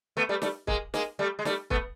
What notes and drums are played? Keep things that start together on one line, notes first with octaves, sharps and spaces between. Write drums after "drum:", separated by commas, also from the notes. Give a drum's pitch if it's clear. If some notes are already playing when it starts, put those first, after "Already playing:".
A3 B3
G3 A3
G3 A3, drum: snare
G#3 A#3, drum: kick
G#3 A#3, drum: snare
G3 A3
G#3
G3 A3, drum: snare
A3 B3, drum: kick